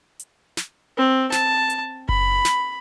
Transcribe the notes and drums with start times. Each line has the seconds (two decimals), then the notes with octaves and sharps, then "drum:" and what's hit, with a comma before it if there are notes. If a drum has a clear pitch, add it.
0.20 drum: hi-hat
0.57 drum: snare
0.98 C4
1.32 A5, drum: snare
1.70 drum: hi-hat
2.09 B5, drum: kick F#1
2.45 drum: snare